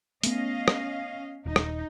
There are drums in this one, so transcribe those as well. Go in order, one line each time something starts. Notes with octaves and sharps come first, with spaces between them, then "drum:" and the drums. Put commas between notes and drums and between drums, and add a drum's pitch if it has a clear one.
A3 B3 C#4 D#5 F5, drum: hi-hat
drum: rim click
D#1 D#4
drum: rim click